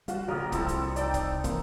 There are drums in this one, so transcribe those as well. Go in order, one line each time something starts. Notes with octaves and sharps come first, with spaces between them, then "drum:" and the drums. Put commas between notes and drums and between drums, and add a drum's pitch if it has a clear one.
G3 F4 F#4, drum: hi-hat
A#1 C#3 F#3 A#4 D#5
C2 C4 E4 A4, drum: kick, hi-hat
drum: hi-hat
D#4 D5 G5 A5, drum: hi-hat
drum: kick, hi-hat
E3 A#3 C4, drum: kick, hi-hat